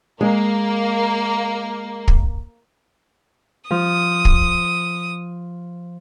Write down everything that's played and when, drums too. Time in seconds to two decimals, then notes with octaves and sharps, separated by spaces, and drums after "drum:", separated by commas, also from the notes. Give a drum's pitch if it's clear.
0.21 G#3 A#3
2.08 drum: kick
3.71 F3 D#6
4.25 drum: kick